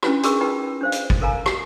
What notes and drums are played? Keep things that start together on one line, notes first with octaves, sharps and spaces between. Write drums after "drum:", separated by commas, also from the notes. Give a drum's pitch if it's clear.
C#4 D4 E4 B4 B5, drum: rim click
D4 F#4 G#4 A#4 C#6 E6, drum: hi-hat
D#4 F4 B4 G5
D4 C5 F5
drum: hi-hat
drum: kick
A4 A#4 F5 G#5 A#5
drum: rim click